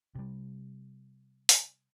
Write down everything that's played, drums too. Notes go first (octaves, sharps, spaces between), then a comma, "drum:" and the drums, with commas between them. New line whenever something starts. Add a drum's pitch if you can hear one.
C3 G3
drum: open hi-hat